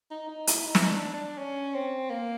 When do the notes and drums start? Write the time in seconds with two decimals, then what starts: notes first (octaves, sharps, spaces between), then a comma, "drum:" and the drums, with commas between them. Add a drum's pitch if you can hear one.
0.11 D#4
0.29 D#4
0.47 E4, drum: hi-hat
0.65 D#4
0.75 E4, drum: snare
0.82 D#4
0.89 D4
1.13 D4
1.38 C#4
1.74 C4
2.10 A#3